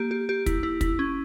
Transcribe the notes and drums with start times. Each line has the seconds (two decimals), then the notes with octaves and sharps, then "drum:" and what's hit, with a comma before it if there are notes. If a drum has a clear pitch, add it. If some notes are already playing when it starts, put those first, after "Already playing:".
Already playing: A#3 G4
0.11 G4
0.29 G4
0.46 E4, drum: kick, hi-hat
0.63 E4
0.81 E4, drum: kick, hi-hat
0.99 C#4